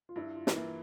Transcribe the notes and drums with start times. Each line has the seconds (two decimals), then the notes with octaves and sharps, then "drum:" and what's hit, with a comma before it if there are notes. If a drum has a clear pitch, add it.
0.09 F4
0.16 G2 E4
0.36 F4
0.47 E3 A#3, drum: snare
0.56 E4